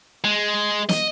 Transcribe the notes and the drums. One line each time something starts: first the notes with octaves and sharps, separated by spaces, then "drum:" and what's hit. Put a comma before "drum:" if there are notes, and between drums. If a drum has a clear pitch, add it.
G#3
D#5, drum: snare